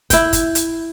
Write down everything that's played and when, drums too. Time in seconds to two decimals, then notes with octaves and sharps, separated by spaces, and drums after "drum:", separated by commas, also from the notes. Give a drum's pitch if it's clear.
0.10 E4 G5, drum: kick, hi-hat
0.33 drum: kick, hi-hat
0.55 drum: hi-hat